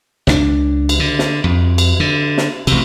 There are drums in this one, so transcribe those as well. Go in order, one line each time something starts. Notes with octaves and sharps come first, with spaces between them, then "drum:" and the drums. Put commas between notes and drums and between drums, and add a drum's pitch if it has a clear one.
C#2 G3 D4, drum: snare
drum: cymbal
D3
drum: snare
F2
drum: cymbal
D3
drum: snare
A1 C3, drum: cymbal